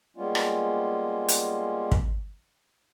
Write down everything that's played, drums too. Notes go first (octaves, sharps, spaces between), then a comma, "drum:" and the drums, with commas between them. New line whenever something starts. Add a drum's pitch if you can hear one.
G3 G#3 A#3 B3 C#4 F4
drum: rim click
drum: hi-hat
drum: kick